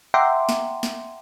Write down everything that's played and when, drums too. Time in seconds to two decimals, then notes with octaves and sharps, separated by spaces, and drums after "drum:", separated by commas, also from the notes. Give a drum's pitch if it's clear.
0.14 E5 F#5 G5 A#5 C6 D6
0.49 drum: snare
0.83 drum: snare